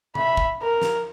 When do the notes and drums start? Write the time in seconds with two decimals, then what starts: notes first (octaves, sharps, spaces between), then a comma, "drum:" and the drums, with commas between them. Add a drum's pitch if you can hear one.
0.15 E5 B5, drum: tom C3
0.37 drum: kick
0.61 A#4
0.82 drum: snare